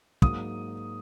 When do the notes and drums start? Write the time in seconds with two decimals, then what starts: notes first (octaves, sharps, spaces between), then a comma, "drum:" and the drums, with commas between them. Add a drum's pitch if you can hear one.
0.22 G#2 F#3 A#3 D#6, drum: kick